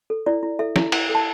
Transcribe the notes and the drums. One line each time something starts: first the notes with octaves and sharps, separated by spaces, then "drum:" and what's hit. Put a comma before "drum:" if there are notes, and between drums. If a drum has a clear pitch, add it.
A4
E4 D5
E4
A4 E5
E4, drum: snare
E4 F#5, drum: cymbal
A4
A5